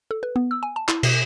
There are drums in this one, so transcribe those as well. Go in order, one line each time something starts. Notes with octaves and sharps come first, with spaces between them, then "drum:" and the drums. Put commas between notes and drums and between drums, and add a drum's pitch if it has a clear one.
A4
B4
B3
E6
G#5
A5
E4, drum: clap
B2, drum: cymbal